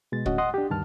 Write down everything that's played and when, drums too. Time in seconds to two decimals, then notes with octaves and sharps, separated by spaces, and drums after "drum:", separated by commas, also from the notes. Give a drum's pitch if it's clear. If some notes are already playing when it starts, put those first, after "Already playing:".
0.12 B2 G#3 A6
0.26 D2 A2 C#4 F#4 D#5 F#5, drum: kick
0.38 D#5 F#5 C6 D#6
0.54 D4 G4
0.70 D2 G2 D#3 A5 F6